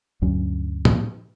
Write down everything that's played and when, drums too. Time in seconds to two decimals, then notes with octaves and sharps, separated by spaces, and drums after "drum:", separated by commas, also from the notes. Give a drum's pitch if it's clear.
0.22 D2 G2 F#3 C#4
0.85 drum: tom A2